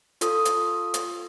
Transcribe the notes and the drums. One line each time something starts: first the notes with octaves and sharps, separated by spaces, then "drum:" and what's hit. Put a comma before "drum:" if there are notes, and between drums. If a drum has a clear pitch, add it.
F4 A4 D#6, drum: hi-hat
drum: hi-hat
drum: hi-hat